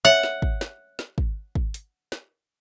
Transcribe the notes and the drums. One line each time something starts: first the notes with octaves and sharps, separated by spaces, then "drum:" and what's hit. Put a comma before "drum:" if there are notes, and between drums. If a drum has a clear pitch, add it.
C#5 E5 F#5
drum: snare
drum: kick
drum: snare
drum: snare
drum: kick
drum: kick
drum: hi-hat
drum: snare